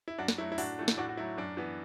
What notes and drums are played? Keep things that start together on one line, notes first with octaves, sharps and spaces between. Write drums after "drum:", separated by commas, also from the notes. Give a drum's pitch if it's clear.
E4
F#2 D4 F#4
drum: snare
F#3 A3 E4
E4
A2 D4 F#4, drum: open hi-hat
E3 A3
drum: snare
A2 D4 F#4
F#4
F#3 A3 E4
F#2 D4
E3 B3